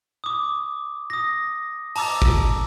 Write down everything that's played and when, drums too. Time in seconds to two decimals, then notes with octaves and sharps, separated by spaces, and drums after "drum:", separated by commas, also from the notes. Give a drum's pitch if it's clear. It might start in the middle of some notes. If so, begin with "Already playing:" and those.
0.24 D6 D#6
1.10 D#6 A#6
1.96 A5 A#5 D6 E6 A6, drum: open hi-hat
2.22 drum: kick